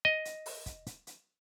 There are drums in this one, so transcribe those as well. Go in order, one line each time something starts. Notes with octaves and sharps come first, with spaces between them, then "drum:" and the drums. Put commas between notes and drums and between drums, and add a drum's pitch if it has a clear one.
D#5
drum: hi-hat
drum: open hi-hat
drum: kick, hi-hat
drum: hi-hat
drum: hi-hat